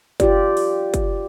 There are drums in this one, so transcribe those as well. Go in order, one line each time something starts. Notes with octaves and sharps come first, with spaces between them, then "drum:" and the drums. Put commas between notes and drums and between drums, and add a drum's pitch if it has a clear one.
F4 G4 D5, drum: kick, hi-hat
drum: open hi-hat
drum: kick, hi-hat